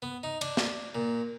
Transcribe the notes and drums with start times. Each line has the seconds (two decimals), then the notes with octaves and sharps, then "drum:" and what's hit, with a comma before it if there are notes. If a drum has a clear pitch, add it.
0.02 B3
0.23 D#4
0.41 D4, drum: cymbal
0.57 drum: snare
0.95 A#2